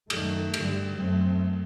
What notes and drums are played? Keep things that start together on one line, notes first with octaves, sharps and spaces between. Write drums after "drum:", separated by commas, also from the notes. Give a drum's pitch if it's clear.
F#2 D#3 A3, drum: cymbal
G2 D3 G3, drum: cymbal
F#2 F#3 A3 C4